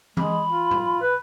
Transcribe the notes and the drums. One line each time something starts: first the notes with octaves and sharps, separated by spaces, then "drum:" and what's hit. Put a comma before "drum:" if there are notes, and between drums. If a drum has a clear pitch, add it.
G#3 B5, drum: tom E3
F4
drum: tom
B4